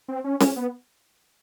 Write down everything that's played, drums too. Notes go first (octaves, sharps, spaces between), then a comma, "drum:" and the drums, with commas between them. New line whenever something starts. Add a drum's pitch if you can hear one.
C4
C#4
C#4, drum: snare C#4
B3